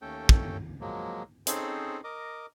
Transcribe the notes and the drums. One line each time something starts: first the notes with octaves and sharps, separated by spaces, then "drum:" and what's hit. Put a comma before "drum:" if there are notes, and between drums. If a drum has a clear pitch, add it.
D#2 A3 C#4 A4 G5
drum: kick
F3 F#3 G#3 A#3
C4 C#4 D#4 G#4 A4 C5, drum: hi-hat
A#4 D#5 D6